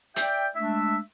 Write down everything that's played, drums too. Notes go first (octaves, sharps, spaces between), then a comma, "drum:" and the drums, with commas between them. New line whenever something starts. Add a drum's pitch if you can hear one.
D5 E5 G5, drum: hi-hat
G#3 A3 D4 E5